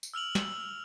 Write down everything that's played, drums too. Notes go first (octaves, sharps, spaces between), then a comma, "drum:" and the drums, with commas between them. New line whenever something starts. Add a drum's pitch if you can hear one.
drum: tambourine
E6 F6 F7 F#7
drum: snare